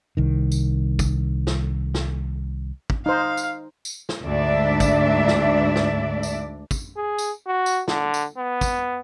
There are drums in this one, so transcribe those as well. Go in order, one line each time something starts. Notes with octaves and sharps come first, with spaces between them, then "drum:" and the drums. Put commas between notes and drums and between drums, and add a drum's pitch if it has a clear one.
C2 D#3
drum: tambourine
drum: kick, tambourine
drum: snare
drum: snare
drum: kick
D#4 C5 F5
drum: tambourine
drum: tambourine
drum: snare
D2 G#2 D4 D5 E5
drum: kick, tambourine
drum: snare
drum: snare
drum: tambourine
drum: kick, tambourine
G#4
drum: tambourine
F#4
drum: tambourine
D3, drum: snare
drum: tambourine
B3
drum: kick, tambourine